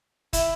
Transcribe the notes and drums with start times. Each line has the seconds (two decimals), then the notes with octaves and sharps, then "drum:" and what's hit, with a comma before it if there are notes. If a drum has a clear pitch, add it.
0.33 E4, drum: kick, hi-hat